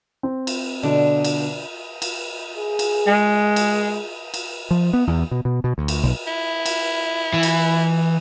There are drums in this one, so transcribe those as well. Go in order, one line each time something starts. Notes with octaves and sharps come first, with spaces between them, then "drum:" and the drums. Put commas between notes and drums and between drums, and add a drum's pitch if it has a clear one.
C4
drum: cymbal
B2 D3 D4
drum: cymbal
drum: cymbal
G#4
drum: cymbal
G#3
drum: cymbal
drum: cymbal
F3
B3
E2
B2
B2
B2
D2
drum: cymbal
B1
E4
drum: cymbal
E3
drum: cymbal